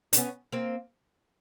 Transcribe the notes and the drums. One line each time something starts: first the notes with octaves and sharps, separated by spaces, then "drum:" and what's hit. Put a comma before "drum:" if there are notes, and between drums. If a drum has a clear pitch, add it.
D4, drum: hi-hat
B3 C#4
A#3 C4